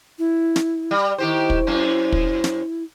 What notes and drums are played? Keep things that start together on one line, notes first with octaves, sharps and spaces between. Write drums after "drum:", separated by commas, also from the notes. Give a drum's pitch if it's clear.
E4
drum: snare
G3
D#3 E4 G4 C5
drum: kick
F#2 C#4 C5
drum: kick
drum: snare